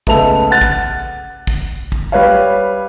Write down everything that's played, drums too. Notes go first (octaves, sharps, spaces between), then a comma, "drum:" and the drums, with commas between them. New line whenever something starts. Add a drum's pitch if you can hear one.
C#2 A3 B3 A4 F7, drum: kick
F#5 F#6 A6
drum: kick
drum: kick
drum: kick
G3 B4 C#5 F5